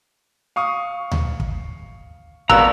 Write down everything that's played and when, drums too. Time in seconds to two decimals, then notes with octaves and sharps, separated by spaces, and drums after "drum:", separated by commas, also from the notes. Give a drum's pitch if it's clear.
0.56 F5 C#6 D#6
1.12 drum: tom D2
1.40 drum: kick
2.50 G#1 B3 A#4 D5 F5 A#5 E6 F#6, drum: kick